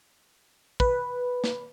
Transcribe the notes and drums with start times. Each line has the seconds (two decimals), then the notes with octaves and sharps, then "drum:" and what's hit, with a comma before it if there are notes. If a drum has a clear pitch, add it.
0.80 B4, drum: kick
1.44 drum: snare